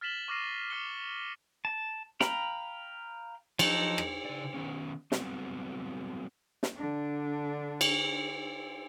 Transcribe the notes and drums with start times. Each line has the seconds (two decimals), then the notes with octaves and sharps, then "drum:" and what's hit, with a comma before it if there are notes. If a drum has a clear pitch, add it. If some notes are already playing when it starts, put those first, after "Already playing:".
0.01 F6 A6 B6 E7 F#7 G7
0.28 C#6 D6 F6 A#6 C7 D#7
0.70 D6 F6 C7 C#7 G7
1.65 A5
2.20 F5 G5 A#5 B5, drum: snare
3.59 F3 F#3 D#4 A4, drum: cymbal
3.98 drum: rim click
4.25 C#3 D5
4.54 D#3 B3 C#4
5.12 F#3 G3 B3 C4, drum: snare
6.63 drum: snare
6.76 D3 D4
7.81 drum: cymbal